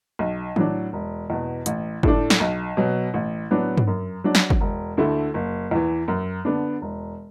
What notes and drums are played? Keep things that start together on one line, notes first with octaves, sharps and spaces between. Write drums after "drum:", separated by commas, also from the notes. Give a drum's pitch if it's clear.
B1
A2 F#3 D4, drum: tom D#3
E1
E2 B2
A1, drum: hi-hat
A2 A3 D4, drum: kick G1
drum: snare
B1
B2 F#3
A1
A2 F#3 B3 D4
drum: tom G2
F#2
F#3 D4
drum: snare
drum: kick G1
E1
D2 D3 A3 E4
F#1
E2 E3
F#2
D3 B3 D4
E1